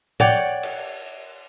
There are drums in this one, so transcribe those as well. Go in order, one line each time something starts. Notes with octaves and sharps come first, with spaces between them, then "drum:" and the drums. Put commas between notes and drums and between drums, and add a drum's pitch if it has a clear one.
C#5 D5 F#5 G5, drum: tom A2
drum: cymbal